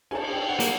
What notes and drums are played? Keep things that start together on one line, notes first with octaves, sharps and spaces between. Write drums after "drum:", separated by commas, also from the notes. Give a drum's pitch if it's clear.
G#5, drum: cymbal
A5
G5
F#5
A#3, drum: hi-hat